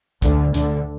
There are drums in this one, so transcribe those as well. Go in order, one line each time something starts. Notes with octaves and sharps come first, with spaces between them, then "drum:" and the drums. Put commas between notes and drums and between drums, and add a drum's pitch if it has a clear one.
D2 D3, drum: kick, hi-hat
D2 D3, drum: hi-hat